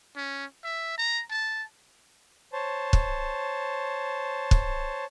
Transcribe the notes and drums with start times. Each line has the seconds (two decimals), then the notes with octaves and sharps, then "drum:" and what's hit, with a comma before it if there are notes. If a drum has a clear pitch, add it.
0.16 C#4
0.64 E5
0.98 A#5
1.31 A5
2.53 C5 C#5 A5
2.93 drum: kick
4.51 drum: kick